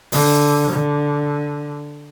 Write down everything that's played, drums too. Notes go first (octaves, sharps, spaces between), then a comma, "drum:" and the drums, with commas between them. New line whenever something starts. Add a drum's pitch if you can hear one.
D3, drum: open hi-hat
D3